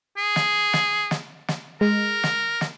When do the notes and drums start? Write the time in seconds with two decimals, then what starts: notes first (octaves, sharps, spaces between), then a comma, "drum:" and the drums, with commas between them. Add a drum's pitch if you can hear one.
0.17 G#4
0.36 drum: snare
0.73 drum: snare
1.11 drum: snare
1.48 drum: snare
1.81 G#3 A#4
2.23 drum: snare
2.61 drum: snare